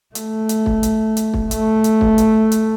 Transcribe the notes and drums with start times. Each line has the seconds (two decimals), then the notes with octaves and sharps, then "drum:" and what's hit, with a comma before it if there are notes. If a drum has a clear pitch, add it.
0.15 A3, drum: hi-hat
0.49 drum: hi-hat
0.66 drum: kick
0.83 drum: hi-hat
1.17 drum: hi-hat
1.34 drum: kick
1.51 A3, drum: hi-hat
1.84 drum: hi-hat
2.01 drum: kick
2.18 drum: hi-hat
2.52 drum: hi-hat